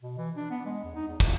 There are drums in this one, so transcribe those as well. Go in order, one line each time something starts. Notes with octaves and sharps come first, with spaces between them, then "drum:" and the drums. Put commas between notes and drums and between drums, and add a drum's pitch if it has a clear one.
B2
E3
D4
B3
G#3
E2
D#4
E2
A#2, drum: kick, hi-hat